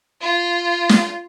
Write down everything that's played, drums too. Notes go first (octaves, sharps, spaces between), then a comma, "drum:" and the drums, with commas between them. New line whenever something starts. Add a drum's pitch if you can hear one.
F4
drum: snare